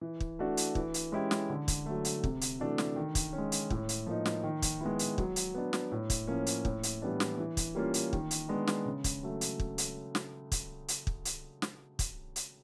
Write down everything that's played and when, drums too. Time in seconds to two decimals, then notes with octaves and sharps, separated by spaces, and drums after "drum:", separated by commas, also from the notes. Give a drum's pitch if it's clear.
0.01 E3
0.20 drum: kick
0.39 A3 D4 F#4
0.57 drum: hi-hat
0.75 E3, drum: kick
0.94 drum: hi-hat
1.12 G#3 C#4 E4 G4
1.31 drum: snare
1.50 D3
1.68 drum: kick, hi-hat
1.86 F#3 A3
2.05 drum: hi-hat
2.24 C3, drum: kick
2.41 drum: hi-hat
2.59 E3 A3 D4 F#4
2.78 drum: snare
2.96 D#3
3.15 drum: kick, hi-hat
3.33 C#4
3.38 G#3
3.52 drum: hi-hat
3.70 A2, drum: kick
3.89 drum: hi-hat
4.07 F3 A#3 D#4
4.26 drum: snare
4.43 D#3
4.62 drum: kick, hi-hat
4.81 G#3 B3 E4
4.99 drum: hi-hat
5.18 F#3, drum: kick
5.36 drum: hi-hat
5.54 B3 D4
5.73 drum: snare
5.92 A2
6.10 drum: kick, hi-hat
6.27 F3 A#3 C#4
6.46 drum: hi-hat
6.65 A2, drum: kick
6.83 drum: hi-hat
7.02 E3 G3 B3 D4
7.20 drum: snare
7.38 E3
7.57 drum: kick, hi-hat
7.75 G3 A#3 C#4 F4
7.94 drum: hi-hat
8.13 D#3, drum: kick
8.31 drum: hi-hat
8.49 G#3 B3 D4
8.67 drum: snare
8.86 C#3
9.04 drum: kick, hi-hat
9.23 F#3 A3
9.41 drum: hi-hat
9.60 drum: kick
9.78 drum: hi-hat
10.15 drum: snare
10.52 drum: kick, hi-hat
10.88 drum: hi-hat
11.07 drum: kick
11.25 drum: hi-hat
11.62 drum: snare
11.99 drum: kick, hi-hat
12.36 drum: hi-hat